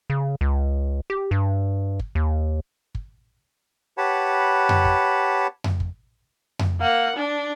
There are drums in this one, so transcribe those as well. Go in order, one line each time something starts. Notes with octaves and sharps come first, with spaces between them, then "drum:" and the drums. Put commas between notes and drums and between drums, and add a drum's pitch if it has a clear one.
C#3
C#2
G4
G2
drum: kick
D#2
drum: kick
G4 B4 C#5 F#5 A5 B5
drum: tom F2
drum: kick
drum: tom F2
drum: kick
drum: tom F2
A#3 F#5
D4